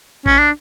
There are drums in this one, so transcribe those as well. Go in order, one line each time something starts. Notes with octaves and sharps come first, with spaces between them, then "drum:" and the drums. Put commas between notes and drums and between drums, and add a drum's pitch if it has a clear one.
C#4, drum: kick A#1
D4